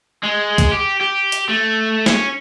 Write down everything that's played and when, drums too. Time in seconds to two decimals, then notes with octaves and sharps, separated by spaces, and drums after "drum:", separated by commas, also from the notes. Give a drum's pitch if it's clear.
0.24 G#3
0.58 drum: kick, hi-hat
0.72 G4
1.00 G4
1.32 drum: hi-hat
1.49 A3
2.06 C#4, drum: snare